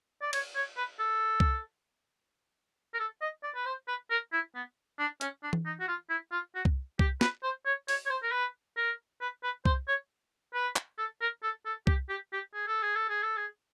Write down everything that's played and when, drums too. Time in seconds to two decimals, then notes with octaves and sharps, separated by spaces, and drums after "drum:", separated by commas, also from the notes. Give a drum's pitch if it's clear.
0.22 D5
0.33 C#5, drum: cymbal
0.55 C#5
0.77 B4
0.99 A4
1.40 drum: kick C2
2.94 A#4
2.99 A4
3.21 D#5
3.43 D5
3.55 B4
3.66 C5
3.88 B4
4.11 A#4
4.33 E4
4.55 B3
4.99 D4
5.21 C#4, drum: hi-hat
5.43 D4
5.53 drum: tom E3
5.66 D#4
5.80 F#4
5.88 F4
6.10 E4
6.32 F4
6.55 F#4
6.65 drum: kick C2
6.99 G4, drum: kick C2
7.21 B4, drum: snare
7.43 C5
7.66 C#5
7.88 C#5, drum: open hi-hat
8.06 C#5
8.10 C5
8.23 A#4
8.32 B4
8.77 A#4
9.21 B4
9.43 B4
9.65 C5, drum: kick C2
9.88 C#5
10.54 B4
10.76 drum: clap
10.98 A4
11.21 A#4
11.43 A4
11.66 A4
11.87 G4, drum: kick C2
12.09 G4
12.33 G4
12.54 G#4
12.68 A4
12.82 G#4
12.95 A4
13.09 G#4
13.22 A4
13.37 G#4